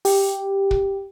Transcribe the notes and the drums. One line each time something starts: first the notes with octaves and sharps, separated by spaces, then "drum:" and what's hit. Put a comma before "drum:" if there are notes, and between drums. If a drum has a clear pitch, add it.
G4, drum: open hi-hat
drum: kick